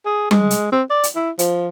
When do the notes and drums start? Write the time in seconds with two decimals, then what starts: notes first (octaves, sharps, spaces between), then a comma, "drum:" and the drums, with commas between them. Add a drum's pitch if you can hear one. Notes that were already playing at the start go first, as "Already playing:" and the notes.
0.06 G#4
0.31 G#3, drum: tom G3
0.51 drum: hi-hat
0.72 C4
0.90 D5
1.03 drum: hi-hat
1.16 E4
1.39 F3, drum: hi-hat